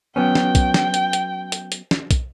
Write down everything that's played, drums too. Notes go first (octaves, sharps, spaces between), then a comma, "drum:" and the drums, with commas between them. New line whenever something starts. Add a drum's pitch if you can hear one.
F#3 B3 C#4 G5
drum: snare
drum: kick, hi-hat
drum: snare
drum: hi-hat
drum: hi-hat
drum: hi-hat
drum: hi-hat
drum: snare
drum: kick, hi-hat